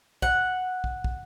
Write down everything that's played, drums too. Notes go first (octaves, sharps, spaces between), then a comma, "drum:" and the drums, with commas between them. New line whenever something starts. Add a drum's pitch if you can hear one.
F#5, drum: kick
drum: kick
drum: kick